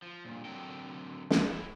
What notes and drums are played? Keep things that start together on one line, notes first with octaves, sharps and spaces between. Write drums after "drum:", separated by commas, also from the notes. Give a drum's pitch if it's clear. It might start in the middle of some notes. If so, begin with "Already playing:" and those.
F3
G2 A#2
D3 F#3 C4 A4 A#4 G5
drum: snare
F#2 A2 E4